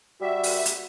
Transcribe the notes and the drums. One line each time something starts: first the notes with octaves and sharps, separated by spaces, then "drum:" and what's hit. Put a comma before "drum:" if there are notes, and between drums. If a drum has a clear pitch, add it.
G3 F#4 E5
drum: open hi-hat
drum: hi-hat